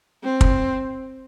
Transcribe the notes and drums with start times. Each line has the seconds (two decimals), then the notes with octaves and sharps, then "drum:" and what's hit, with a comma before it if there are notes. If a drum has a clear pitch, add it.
0.23 C4
0.41 drum: kick